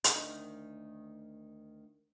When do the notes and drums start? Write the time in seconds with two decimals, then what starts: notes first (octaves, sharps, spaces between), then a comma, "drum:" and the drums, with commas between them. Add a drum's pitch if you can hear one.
0.04 D2 D#3, drum: hi-hat